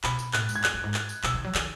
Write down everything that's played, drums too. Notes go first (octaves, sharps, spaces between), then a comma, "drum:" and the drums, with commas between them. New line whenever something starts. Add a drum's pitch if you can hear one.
B2 B5, drum: clap
drum: tambourine
A2 F#6, drum: clap
G#2, drum: tambourine
G#6
F#2 F#6, drum: clap
F#2
G#2
drum: clap
drum: tambourine
B2 E6, drum: clap
D#3
F#3
D#3, drum: clap